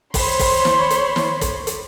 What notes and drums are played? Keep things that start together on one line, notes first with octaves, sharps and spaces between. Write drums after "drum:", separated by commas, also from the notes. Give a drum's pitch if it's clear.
C5 C#5 B5 C6, drum: kick, open hi-hat
drum: kick, open hi-hat
drum: snare
drum: hi-hat
drum: snare
drum: kick, hi-hat
drum: hi-hat